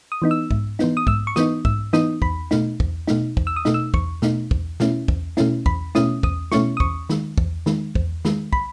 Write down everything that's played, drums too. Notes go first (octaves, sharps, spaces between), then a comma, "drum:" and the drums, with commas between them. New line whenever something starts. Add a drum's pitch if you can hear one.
D#6
E3 B3 D#4
E6
G#2, drum: kick
E3 B3 D#4, drum: snare
D#6
G#2 E6, drum: kick
C#6
E3 B3 D#4 D#6, drum: snare
G#2 E6, drum: kick
E3 B3 D#4 D#6, drum: snare
E2 B5, drum: kick
B2 A3 D#4, drum: snare
E2, drum: kick
B2 A3 D#4, drum: snare
E2, drum: kick
E6
D#6
B2 A3 D#4, drum: snare
E6
E2 C#6, drum: kick
B2 A3 D#4, drum: snare
E2, drum: kick
B2 A3 C#4 E4, drum: snare
E2, drum: kick
B2 A3 C#4 E4, drum: snare
E2 B5, drum: kick
B2 A3 C#4 E4 D#6, drum: snare
E2 D#6, drum: kick
B2 A3 C#4 E4 C#6, drum: snare
D#6
E2 C#6, drum: kick
D#3 G#3, drum: snare
E2, drum: kick
D#3 G#3, drum: snare
E2, drum: kick
D#3 G#3, drum: snare
B5, drum: kick